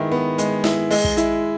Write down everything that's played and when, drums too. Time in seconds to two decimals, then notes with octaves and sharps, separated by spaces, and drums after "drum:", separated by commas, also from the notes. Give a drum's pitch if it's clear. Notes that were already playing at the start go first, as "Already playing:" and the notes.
Already playing: D#3 G#3 B3 E4
0.12 B3
0.38 G#3, drum: hi-hat
0.64 E4, drum: snare
0.91 G#3, drum: open hi-hat
1.04 drum: kick
1.17 E4, drum: hi-hat